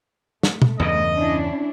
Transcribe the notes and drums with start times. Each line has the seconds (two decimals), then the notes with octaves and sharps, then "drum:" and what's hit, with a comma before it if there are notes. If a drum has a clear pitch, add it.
0.43 A3, drum: snare
0.62 drum: tom
0.80 E2 G2 C#3 D#5
1.16 C#4 D4 E4